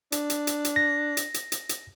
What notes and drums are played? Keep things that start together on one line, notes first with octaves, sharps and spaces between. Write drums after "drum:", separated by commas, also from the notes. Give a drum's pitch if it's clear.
D4, drum: hi-hat
drum: hi-hat
drum: hi-hat
drum: hi-hat
A#6
drum: hi-hat
drum: hi-hat
drum: hi-hat
drum: hi-hat